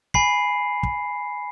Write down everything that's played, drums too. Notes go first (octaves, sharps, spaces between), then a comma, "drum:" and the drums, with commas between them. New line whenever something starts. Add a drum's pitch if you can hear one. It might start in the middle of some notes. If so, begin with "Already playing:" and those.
G#5 B5 C7, drum: kick
drum: kick